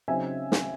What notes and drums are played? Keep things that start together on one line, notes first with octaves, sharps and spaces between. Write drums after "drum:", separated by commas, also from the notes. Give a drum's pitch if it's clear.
C#3 F#3 C4 D#4 E5 G#5
drum: snare